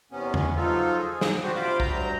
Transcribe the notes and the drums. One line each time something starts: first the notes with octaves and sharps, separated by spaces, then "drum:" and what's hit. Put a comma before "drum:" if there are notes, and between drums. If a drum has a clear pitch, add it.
E2 C3 B3 C#4
drum: tom E2
F3 F#3 D#4 F4 A4
G#4
drum: snare
D4 F#4 G4 C5
C3 F4 C5 B5 D6
D2 G2 F#3 A#5 G6, drum: kick A#1